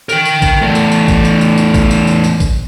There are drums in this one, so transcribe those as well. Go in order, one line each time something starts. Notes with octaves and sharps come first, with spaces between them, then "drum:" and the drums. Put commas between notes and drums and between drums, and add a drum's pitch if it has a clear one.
A#4 G5, drum: tambourine
drum: tambourine
drum: kick, tambourine
E2 A3
drum: tambourine
drum: tambourine
drum: kick, tambourine
drum: tambourine
drum: tambourine
drum: tambourine
drum: kick, tambourine
drum: tambourine
drum: tambourine
drum: tambourine
drum: kick, tambourine